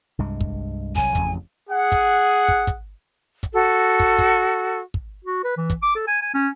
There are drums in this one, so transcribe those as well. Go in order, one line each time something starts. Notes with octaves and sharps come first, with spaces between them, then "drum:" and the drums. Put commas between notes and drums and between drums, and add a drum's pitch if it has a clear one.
C2 G2 G#3
drum: kick
C2 F#3 G#5, drum: kick
A1 F2 C#3, drum: kick, hi-hat
G#4 F#5
drum: kick, hi-hat
drum: kick
drum: kick, hi-hat
drum: kick, hi-hat
F#4 A4
drum: kick
drum: kick, hi-hat
drum: kick
F#4
B4
E3
drum: kick, hi-hat
D6
A4
G#5
G#5
C#4